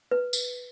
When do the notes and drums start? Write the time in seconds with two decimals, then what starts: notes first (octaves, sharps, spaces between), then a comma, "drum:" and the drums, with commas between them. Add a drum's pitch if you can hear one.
0.11 B4
0.33 drum: tambourine